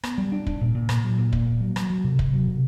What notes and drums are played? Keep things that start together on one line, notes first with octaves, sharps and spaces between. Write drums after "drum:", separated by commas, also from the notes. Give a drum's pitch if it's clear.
B3, drum: rim click
G3
D4
D4, drum: kick
A#2
A#2
A#2, drum: rim click
F#3
A#2
A#2, drum: kick
A#3
F#3
F#3, drum: rim click
F#3
C3
C3, drum: kick
F#3
C3